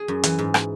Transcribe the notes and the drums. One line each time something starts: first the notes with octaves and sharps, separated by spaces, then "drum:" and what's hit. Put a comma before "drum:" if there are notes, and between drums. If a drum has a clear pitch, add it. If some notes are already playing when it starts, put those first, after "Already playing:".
Already playing: G#4
F#2
E3, drum: hi-hat
G#2
drum: rim click